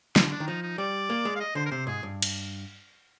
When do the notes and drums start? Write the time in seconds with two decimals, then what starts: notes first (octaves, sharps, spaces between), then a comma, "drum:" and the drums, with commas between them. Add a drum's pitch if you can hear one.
0.16 D3, drum: snare
0.32 D4
0.40 D#3
0.47 F3 D#4
0.63 D#4
0.78 G3 D5
1.10 A#3
1.25 G#3
1.35 F5
1.40 D#5
1.55 D3 C5
1.66 A#4
1.71 C3 C5
1.87 G#2 G#4
2.03 G2
2.22 drum: cymbal